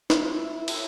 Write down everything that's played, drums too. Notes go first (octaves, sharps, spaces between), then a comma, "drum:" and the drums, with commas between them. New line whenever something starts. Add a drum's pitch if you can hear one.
E4, drum: snare
F4
E4
drum: cymbal